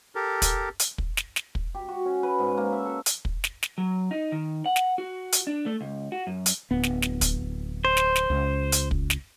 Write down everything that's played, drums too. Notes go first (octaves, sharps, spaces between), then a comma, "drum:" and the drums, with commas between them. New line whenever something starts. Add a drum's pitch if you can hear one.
G4 A4 A#4
drum: kick, hi-hat
drum: hi-hat
drum: kick
drum: snare
drum: snare
drum: kick
G4
F#4
C#4
B4
G#2
A#3
E5
A4
drum: hi-hat
drum: kick
drum: snare
drum: snare
F#3
D#4
D#3
F#5
drum: snare
F#4
drum: hi-hat
D4
A3
C#2
F#4
F#2
drum: hi-hat
D1 B3
drum: snare
drum: snare
drum: kick, hi-hat
C5
drum: snare
drum: snare
C#2
drum: hi-hat
drum: kick
drum: snare